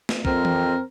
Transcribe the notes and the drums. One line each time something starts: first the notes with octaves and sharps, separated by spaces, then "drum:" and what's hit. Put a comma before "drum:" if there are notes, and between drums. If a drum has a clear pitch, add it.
drum: snare
F2 C4 A#4, drum: kick
drum: tom E3